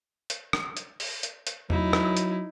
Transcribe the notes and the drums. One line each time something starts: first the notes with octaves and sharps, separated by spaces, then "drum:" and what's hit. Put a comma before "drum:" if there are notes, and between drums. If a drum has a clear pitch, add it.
drum: hi-hat
drum: rim click
drum: hi-hat
drum: open hi-hat
drum: hi-hat
drum: hi-hat
F#3 D#4 E4, drum: tom E2
drum: rim click
drum: hi-hat